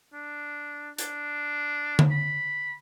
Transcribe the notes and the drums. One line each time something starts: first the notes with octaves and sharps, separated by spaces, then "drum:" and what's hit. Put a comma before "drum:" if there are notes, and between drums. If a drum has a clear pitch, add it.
D4
D4, drum: hi-hat
drum: tom D3
B5